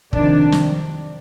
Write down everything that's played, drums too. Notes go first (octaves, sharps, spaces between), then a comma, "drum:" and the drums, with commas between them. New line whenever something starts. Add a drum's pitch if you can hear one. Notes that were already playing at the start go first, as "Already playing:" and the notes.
F2 C3 D#3 D4, drum: kick
drum: snare